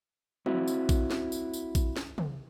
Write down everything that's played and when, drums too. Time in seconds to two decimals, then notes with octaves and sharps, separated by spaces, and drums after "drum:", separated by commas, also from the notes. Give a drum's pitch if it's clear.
0.46 C4 E4 F#4, drum: tom
0.68 drum: tambourine
0.89 drum: kick A#1, tambourine
1.11 drum: snare
1.32 drum: tambourine
1.53 drum: tambourine
1.75 drum: kick A#1, tambourine
1.96 drum: snare
2.18 drum: tom